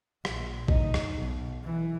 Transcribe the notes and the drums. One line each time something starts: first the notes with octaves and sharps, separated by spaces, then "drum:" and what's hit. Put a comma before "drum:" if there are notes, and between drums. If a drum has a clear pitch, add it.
A#1, drum: rim click
D#4, drum: kick
drum: rim click
B1
E3